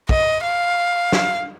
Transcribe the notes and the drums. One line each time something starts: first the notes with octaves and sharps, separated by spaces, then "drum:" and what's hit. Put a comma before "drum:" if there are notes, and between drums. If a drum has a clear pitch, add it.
D#5, drum: kick
F5
drum: snare